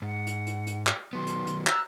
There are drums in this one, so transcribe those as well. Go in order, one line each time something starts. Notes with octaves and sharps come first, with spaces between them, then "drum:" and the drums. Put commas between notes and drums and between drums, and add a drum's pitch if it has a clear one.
G#2 F#5
drum: hi-hat
drum: hi-hat
drum: hi-hat
drum: clap
D#3 F#3 B3 C6
drum: hi-hat
drum: hi-hat
A#5 E6 F#6, drum: clap